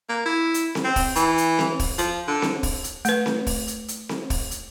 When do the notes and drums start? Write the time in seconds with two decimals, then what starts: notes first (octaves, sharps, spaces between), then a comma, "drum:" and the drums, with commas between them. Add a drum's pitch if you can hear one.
0.09 A#3
0.25 E4
0.54 drum: hi-hat
0.75 drum: snare C4
0.84 C4
0.96 drum: kick, open hi-hat
1.16 E3, drum: hi-hat
1.38 drum: hi-hat
1.59 drum: snare C4
1.80 drum: kick, open hi-hat
1.98 F3, drum: hi-hat
2.28 D3
2.42 drum: snare C4
2.63 drum: kick, open hi-hat
2.84 drum: hi-hat
3.05 A3 B4, drum: hi-hat
3.26 drum: snare C4
3.47 drum: kick, open hi-hat
3.68 drum: hi-hat
3.88 drum: hi-hat
4.09 drum: snare C4
4.30 drum: kick, open hi-hat
4.51 drum: hi-hat